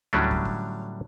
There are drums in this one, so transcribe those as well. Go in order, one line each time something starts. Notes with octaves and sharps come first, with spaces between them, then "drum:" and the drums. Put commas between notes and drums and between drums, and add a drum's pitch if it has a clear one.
A2 D3 F#3 G3 C#4 D4, drum: tom D2
drum: kick
drum: kick